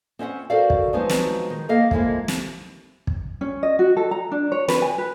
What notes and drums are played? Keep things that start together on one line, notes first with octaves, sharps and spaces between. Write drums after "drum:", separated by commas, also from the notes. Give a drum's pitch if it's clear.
C4 C#4 E5 F#5
F#4 A4 A#4 C5 D5 F5
drum: kick
F3 F#3 G#3 B3 C4 D#4
drum: snare
D#3
A#3 A4 D#5 F5
F2 G#3 A#3 E4, drum: kick
drum: snare
drum: kick
C#4
D#5
F#4
A4
A#5
D4
C#5
B4, drum: snare
G#5
B4